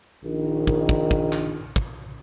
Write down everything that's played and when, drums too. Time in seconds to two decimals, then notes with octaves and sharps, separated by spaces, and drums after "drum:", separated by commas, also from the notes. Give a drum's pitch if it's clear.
0.24 A#1 D#3
0.67 drum: kick
0.89 drum: kick
1.11 drum: kick
1.33 drum: clap
1.76 drum: kick